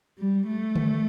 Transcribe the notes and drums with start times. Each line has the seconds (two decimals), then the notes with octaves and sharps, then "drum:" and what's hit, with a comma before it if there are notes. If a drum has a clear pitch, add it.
0.19 G3
0.47 A3
0.76 drum: tom D3